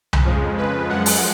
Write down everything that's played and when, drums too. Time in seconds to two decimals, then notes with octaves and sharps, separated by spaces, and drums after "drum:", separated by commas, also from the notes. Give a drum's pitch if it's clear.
0.13 drum: tom C2
0.25 F2 C#3 F3 G#3
0.58 B4
0.89 F#2 F3 G#3 F#5
1.06 drum: open hi-hat